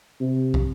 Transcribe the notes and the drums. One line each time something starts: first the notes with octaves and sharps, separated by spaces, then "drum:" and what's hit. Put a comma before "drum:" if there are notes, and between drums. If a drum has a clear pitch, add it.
C3
drum: kick